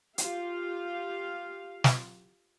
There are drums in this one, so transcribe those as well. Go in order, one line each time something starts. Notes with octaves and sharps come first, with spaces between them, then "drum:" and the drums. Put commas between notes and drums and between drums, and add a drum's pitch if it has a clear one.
F4 G4 F5, drum: hi-hat
drum: snare